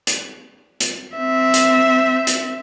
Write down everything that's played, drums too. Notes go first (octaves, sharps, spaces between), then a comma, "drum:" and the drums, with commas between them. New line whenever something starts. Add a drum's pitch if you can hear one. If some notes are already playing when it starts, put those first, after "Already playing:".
drum: hi-hat
drum: hi-hat
C4 E5
drum: hi-hat
drum: hi-hat